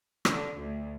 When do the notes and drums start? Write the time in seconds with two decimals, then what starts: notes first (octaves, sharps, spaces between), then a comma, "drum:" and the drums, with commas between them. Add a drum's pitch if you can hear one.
0.25 D3, drum: rim click
0.56 D2